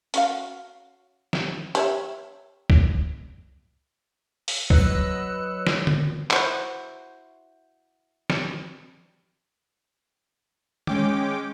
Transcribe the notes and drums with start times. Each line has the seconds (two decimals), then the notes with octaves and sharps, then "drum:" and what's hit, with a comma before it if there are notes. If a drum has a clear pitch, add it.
0.14 C#4 F#4 F5, drum: hi-hat
1.33 drum: snare
1.75 G4 C#5 E5, drum: hi-hat
2.70 drum: kick
4.48 drum: open hi-hat
4.70 F#3 B4 D#5 E6 F#6 C#7, drum: kick
5.67 drum: snare
5.87 drum: tom D3
6.31 E4 F#4 C5, drum: clap
8.30 drum: snare
10.87 G#3 C#4 G5 D6, drum: tom D#3